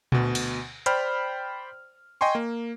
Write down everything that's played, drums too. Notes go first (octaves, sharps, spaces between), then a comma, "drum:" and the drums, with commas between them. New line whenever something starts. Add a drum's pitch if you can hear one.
D2 B2, drum: tom A#2
drum: cymbal
C5 D5 G5 B5 F6, drum: hi-hat
D#5 G5 G#5 C6 C#6
A#3